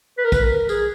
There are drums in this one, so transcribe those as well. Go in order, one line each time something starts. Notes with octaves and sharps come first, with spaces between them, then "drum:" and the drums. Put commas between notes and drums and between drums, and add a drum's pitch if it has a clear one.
B4
A#4
B4, drum: kick, tambourine
A#4
G#4, drum: tambourine